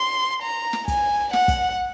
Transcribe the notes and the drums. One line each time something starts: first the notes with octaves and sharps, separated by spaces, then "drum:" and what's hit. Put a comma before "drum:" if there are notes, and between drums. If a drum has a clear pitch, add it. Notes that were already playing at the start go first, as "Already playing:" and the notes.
Already playing: C6
A#5
drum: snare
G#5, drum: kick, hi-hat
F#5, drum: snare
drum: kick, hi-hat